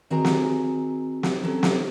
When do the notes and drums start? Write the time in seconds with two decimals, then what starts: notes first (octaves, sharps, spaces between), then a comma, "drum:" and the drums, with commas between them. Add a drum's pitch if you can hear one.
0.10 D#3 C4 F#4 G#4 G#5 A#5
0.25 drum: snare
1.23 drum: snare
1.43 F#3 C4 C#4 A4
1.63 drum: snare